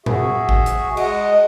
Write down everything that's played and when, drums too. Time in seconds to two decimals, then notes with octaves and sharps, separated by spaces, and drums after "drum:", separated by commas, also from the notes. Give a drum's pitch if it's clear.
0.06 F#4 G#4 E5, drum: tom A2
0.49 drum: kick G#1
0.66 drum: hi-hat
0.97 G#3 D#5 F#5, drum: cymbal